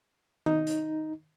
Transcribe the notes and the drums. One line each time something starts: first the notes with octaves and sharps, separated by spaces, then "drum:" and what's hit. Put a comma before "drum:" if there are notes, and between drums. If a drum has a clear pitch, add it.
D#4, drum: tom D#3
drum: hi-hat